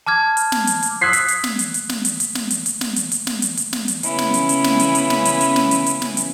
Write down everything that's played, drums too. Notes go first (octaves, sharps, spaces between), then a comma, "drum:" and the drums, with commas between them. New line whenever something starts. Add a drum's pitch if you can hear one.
A5 D6 F6 G#6
drum: hi-hat
drum: snare
drum: hi-hat
drum: hi-hat
D#6 E6 F#6 G#6 B6 C7
drum: hi-hat
drum: hi-hat
drum: snare
drum: hi-hat
drum: hi-hat
drum: snare
drum: hi-hat
drum: hi-hat
drum: snare
drum: hi-hat
drum: hi-hat
drum: snare
drum: hi-hat
drum: hi-hat
drum: snare
drum: hi-hat
drum: hi-hat
drum: snare
drum: hi-hat
C#3 B3 C#4 E4, drum: hi-hat
drum: snare
drum: hi-hat
drum: hi-hat
drum: snare
drum: hi-hat
drum: hi-hat
drum: snare
drum: hi-hat
drum: hi-hat
drum: snare
drum: hi-hat
drum: hi-hat
drum: snare
drum: hi-hat